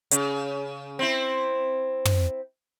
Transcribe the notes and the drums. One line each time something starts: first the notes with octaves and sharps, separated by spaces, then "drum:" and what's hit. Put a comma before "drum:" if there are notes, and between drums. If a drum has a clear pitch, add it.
C#3, drum: hi-hat
C4 E4
drum: tom